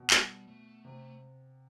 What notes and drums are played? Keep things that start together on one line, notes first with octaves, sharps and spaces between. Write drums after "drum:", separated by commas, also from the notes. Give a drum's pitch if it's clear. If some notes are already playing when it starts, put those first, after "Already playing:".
Already playing: B2
G3, drum: clap
A3
C3